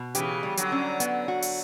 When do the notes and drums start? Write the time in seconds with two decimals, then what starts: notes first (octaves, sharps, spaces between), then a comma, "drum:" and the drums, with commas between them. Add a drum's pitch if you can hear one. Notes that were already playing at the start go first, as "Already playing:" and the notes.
Already playing: B2
0.15 C#3 E3 G4, drum: hi-hat
0.43 G3
0.57 D3 F#3, drum: hi-hat
0.72 C#4
1.00 B3, drum: hi-hat
1.28 F#4
1.42 drum: open hi-hat